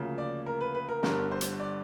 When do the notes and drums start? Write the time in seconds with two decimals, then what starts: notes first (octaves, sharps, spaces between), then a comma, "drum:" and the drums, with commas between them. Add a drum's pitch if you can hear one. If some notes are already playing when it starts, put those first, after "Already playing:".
Already playing: D2 C#3 F3 A#3
0.18 D5
0.46 A#4
0.61 B4
0.75 B4
0.89 A#4
1.03 G1 G2 D3 A#4, drum: snare
1.31 C5
1.41 drum: hi-hat
1.60 D5